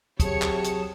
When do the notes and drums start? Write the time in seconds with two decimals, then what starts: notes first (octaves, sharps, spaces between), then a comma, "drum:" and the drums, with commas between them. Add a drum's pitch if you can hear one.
0.20 C3 F#3 G#4 C#5 A5 C#7, drum: kick, hi-hat
0.42 drum: clap
0.64 drum: hi-hat